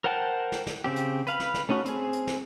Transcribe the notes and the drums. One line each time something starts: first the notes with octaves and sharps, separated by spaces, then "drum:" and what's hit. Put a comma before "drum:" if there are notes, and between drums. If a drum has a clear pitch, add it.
A#4 C5 F#5 G5 A5
drum: snare
drum: snare
C#3 C4 G4
drum: hi-hat
B4 F5 B5, drum: hi-hat
drum: snare
drum: snare
A3 C#4 D#4 F#4
C4 G#4, drum: hi-hat
drum: hi-hat
drum: snare